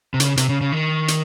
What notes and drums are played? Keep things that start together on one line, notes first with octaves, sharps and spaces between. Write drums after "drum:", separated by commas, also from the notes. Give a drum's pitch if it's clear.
C3
C#3, drum: hi-hat
C3, drum: hi-hat
C#3
C#3
D#3
drum: hi-hat